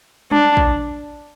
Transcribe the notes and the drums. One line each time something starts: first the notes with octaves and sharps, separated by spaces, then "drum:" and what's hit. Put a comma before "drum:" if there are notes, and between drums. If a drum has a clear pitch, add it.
D4, drum: tom G3
drum: kick